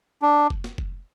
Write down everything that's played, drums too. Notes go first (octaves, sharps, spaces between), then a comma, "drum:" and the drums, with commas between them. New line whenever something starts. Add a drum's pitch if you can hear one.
D4
drum: kick F1
drum: snare
drum: kick F1